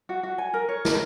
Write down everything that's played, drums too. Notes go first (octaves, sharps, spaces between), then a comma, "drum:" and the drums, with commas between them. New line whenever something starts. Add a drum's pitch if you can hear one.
F#4
F#4
G#5
A#4
C#5
A#4, drum: snare